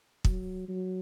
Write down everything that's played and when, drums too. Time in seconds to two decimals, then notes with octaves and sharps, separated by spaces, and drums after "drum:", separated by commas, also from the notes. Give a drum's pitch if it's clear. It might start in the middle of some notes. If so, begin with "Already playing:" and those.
0.25 F#3, drum: kick
0.68 F#3